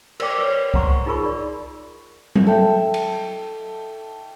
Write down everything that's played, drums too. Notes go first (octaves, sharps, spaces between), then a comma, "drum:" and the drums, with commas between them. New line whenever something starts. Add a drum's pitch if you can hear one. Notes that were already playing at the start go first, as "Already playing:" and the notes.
A#4 C5 D5 G5 D6, drum: cymbal
A#4 B4 C#5
C5 F#5 A#5 C6 C#6, drum: kick C2
D#4 F4 G#4 A#4 B5 C#6
D5
drum: tom F#3
A4 E5 G5
drum: cymbal